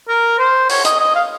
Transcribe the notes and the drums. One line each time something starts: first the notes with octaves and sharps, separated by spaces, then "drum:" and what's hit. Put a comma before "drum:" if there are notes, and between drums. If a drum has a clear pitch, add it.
A#4
C5
C#5, drum: open hi-hat
D#5, drum: hi-hat
D#5
F5